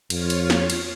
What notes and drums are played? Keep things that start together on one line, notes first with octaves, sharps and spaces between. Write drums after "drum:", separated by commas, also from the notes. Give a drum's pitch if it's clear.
F2 F4 C#5 F5, drum: cymbal
drum: cymbal
drum: snare
drum: cymbal